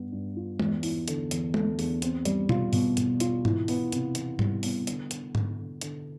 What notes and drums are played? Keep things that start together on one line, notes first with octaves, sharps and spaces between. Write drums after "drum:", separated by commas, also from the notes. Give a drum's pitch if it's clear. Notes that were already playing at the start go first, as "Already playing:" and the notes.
Already playing: G2 B3
G2
F4
E2, drum: tom G#3
E4, drum: open hi-hat
D3, drum: hi-hat
E2, drum: hi-hat
A3, drum: tom G#3
E2, drum: open hi-hat
C4, drum: hi-hat
G3, drum: hi-hat
F4, drum: tom B2
B2, drum: open hi-hat
B2, drum: hi-hat
F4, drum: hi-hat
E3, drum: tom G#2
B3, drum: open hi-hat
C3, drum: hi-hat
E3, drum: hi-hat
G3, drum: tom G#2
B3, drum: open hi-hat
D3, drum: hi-hat
D3, drum: hi-hat
D3, drum: tom G#2
D3
D3, drum: hi-hat